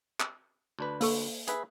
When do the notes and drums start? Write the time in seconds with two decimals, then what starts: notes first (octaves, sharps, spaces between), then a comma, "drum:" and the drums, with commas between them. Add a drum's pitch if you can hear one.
0.20 drum: clap
0.79 D2 D4 B4
1.01 A#3 A4 C#6, drum: open hi-hat
1.47 G#4 B4 E5, drum: hi-hat